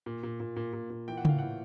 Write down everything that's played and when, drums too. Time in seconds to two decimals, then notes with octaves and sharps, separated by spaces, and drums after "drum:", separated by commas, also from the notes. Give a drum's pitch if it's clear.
0.06 A#2
0.23 A#2
0.40 A#2
0.56 A#2
0.73 A#2
0.90 A#2
1.08 E3 G5
1.17 F#5
1.25 A2 F5, drum: tom C#3
1.39 A2 F#5